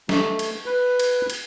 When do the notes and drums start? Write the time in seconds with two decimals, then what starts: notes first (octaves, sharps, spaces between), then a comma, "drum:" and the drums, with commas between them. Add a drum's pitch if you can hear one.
0.09 A3, drum: snare
0.39 drum: cymbal
0.66 B4
0.99 drum: cymbal
1.30 drum: cymbal